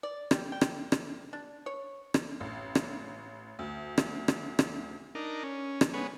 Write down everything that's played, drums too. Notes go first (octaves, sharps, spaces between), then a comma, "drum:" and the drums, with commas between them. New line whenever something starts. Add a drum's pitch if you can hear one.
D5
G3, drum: rim click
G5
drum: rim click
drum: rim click
D4
C#5
drum: rim click
A1
drum: rim click
D2
drum: rim click
drum: rim click
drum: rim click
D4 D#4 A#4
C#4
drum: rim click
G#3 B3 C#5